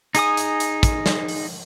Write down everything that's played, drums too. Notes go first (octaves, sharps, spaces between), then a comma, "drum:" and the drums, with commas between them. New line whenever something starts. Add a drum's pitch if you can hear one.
D#4 G#4 G#5 D#6, drum: hi-hat
drum: hi-hat
drum: hi-hat
drum: kick, hi-hat
drum: snare
drum: open hi-hat